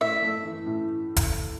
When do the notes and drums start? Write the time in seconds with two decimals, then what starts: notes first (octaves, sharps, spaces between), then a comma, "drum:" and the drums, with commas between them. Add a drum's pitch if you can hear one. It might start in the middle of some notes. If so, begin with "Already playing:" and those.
0.01 A2 E5
0.22 A3
0.45 E3
0.66 A2
1.16 drum: kick F1, hi-hat